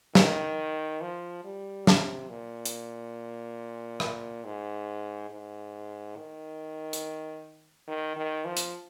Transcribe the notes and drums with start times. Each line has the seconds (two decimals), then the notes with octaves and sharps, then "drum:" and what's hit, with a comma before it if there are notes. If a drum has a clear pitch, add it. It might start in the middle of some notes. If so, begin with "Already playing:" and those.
0.15 D#3, drum: snare
1.01 F3
1.44 G3
1.87 C3, drum: snare
2.30 A#2
2.66 drum: hi-hat
4.00 drum: rim click
4.45 G#2
5.30 G#2
6.16 D#3
6.93 drum: hi-hat
7.88 D#3
8.17 D#3
8.45 F3
8.57 drum: hi-hat